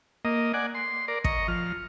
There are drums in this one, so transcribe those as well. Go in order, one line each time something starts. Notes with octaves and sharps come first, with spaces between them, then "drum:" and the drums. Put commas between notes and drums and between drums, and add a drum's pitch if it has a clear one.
A#3 D#5
D5 F#5 G#5
C6
A#4 D5
D#5 A#5 C#6, drum: kick
F3 F6